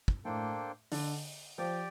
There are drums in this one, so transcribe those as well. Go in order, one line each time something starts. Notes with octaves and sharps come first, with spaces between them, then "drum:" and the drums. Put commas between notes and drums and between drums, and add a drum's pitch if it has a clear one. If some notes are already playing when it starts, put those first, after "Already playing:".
drum: kick
A2 A#3 D4 A4 C5 G5
D3, drum: open hi-hat
F3 G4 D5 G5